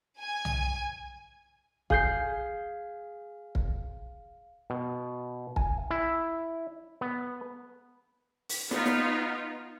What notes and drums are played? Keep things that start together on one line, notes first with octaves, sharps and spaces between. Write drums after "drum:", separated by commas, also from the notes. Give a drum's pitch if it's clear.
G#5
drum: tom
G#4 F5 G6 C7, drum: kick
drum: kick
B2
G#5, drum: kick
E4
B3
drum: open hi-hat
B3 D#4 F4, drum: snare
drum: snare